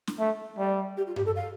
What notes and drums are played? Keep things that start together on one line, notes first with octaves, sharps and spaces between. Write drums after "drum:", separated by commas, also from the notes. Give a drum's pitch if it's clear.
drum: snare
A3 E5
G3 D5
G4
F4
G4, drum: tom G2
A4
F5